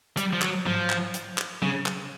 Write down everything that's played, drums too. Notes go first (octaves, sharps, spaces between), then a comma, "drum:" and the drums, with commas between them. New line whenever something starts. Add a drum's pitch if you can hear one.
G3, drum: hi-hat
F3
F#3, drum: clap
F3, drum: tom G#2
drum: clap
drum: hi-hat
drum: clap
C#3, drum: tom F#3
drum: clap